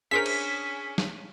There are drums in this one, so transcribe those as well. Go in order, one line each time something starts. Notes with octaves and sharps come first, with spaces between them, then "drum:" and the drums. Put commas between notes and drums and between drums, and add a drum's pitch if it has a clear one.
C#4 D4 G#4 A#4 C5 E5 B6
drum: cymbal
drum: snare